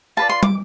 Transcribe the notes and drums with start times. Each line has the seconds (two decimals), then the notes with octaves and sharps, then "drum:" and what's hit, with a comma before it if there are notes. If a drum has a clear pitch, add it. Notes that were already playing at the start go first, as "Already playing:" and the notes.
0.17 F4 B4 D5 A5
0.29 C6
0.43 D6, drum: tom